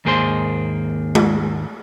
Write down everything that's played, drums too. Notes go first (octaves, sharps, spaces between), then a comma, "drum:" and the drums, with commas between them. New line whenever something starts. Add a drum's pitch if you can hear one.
D#2 G#2 A#3 G#4 C5 C6
drum: tom G#3